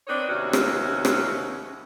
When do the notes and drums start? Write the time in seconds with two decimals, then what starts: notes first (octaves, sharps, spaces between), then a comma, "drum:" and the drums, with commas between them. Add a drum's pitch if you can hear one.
0.07 C4 D4 D#4 B4 C#5
0.28 D#2 C3 B3 C#4 F#4
0.53 drum: rim click
1.05 drum: rim click